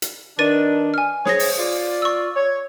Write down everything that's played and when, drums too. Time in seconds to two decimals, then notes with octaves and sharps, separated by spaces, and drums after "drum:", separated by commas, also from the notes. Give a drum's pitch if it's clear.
0.02 drum: hi-hat
0.39 D#3 D4 B4 A6 D#7
0.94 G#5 F6
1.26 G#4 C5 C#5 A#6, drum: snare
1.39 drum: open hi-hat
1.58 F4 D5
2.02 C#6 E6
2.35 C#5